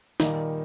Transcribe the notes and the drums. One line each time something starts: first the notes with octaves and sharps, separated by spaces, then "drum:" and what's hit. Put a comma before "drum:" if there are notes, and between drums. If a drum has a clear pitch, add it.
A#2 D#3 G3 A#3 D#4, drum: snare